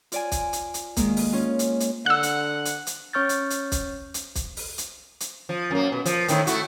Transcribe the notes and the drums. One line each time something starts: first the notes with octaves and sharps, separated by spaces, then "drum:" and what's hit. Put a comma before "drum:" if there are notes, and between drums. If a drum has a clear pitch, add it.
F4 D5 G#5, drum: hi-hat
drum: kick, hi-hat
drum: hi-hat
drum: hi-hat
D#3 G#3 A#3, drum: kick, hi-hat
drum: open hi-hat
C#4 F4
drum: hi-hat
drum: hi-hat
D3 F#5 E6 F#6
drum: hi-hat
drum: hi-hat
drum: hi-hat
C#4 C#5 C#6 F6 G6 A6
drum: hi-hat
drum: hi-hat
drum: kick, hi-hat
drum: hi-hat
drum: kick, hi-hat
drum: open hi-hat
drum: hi-hat
drum: hi-hat
F3
F#2 A#3
B2
F3, drum: hi-hat
A2 D#3 E4, drum: hi-hat
A3 E4 F#4, drum: hi-hat